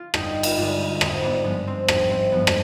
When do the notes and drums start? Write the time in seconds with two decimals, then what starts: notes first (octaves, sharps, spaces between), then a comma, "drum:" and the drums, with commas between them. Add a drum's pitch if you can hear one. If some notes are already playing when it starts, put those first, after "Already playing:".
Already playing: F4
0.14 G1 D#4 G4, drum: rim click
0.43 drum: cymbal
0.57 G2 D3 G#3 D4 F4
1.01 G#1 C4 D#4, drum: rim click
1.23 B3 D4
1.44 G2 F3 G#3 B3
1.67 C4
1.88 G#1, drum: rim click
2.11 C4
2.32 G2 F3 G#3 B3
2.47 drum: rim click